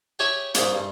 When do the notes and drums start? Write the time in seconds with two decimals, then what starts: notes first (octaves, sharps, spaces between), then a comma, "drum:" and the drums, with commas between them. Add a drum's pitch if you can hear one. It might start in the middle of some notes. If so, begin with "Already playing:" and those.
0.19 G4 G#4 C#5 E5 G#5
0.54 C2 G#2 G#3 A#3, drum: hi-hat
0.75 G2